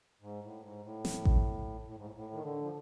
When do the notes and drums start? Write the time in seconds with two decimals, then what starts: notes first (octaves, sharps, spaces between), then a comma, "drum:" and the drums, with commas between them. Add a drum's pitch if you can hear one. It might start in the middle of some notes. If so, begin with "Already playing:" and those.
0.22 G#2
0.43 A2
0.63 G#2
0.84 A2
1.05 drum: snare
1.25 drum: kick A1
1.87 A2
1.97 G#2
2.05 A2
2.15 A2
2.33 D#3
2.44 D3
2.62 F3